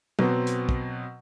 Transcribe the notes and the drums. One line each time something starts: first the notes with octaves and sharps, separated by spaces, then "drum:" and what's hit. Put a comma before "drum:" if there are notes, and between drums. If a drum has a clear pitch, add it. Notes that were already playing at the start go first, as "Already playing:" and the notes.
B2 F#3 B3 C4, drum: tom
drum: hi-hat
drum: kick